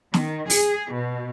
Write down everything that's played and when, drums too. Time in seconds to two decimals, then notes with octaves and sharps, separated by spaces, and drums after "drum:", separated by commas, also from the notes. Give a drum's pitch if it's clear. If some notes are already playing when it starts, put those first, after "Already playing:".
0.14 D#3, drum: snare
0.50 G#4, drum: open hi-hat
0.93 B2